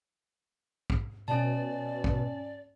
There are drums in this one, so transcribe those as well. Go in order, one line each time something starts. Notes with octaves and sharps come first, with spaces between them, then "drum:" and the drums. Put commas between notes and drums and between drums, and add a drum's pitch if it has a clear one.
drum: kick
B2 C#4 D5 A5
drum: kick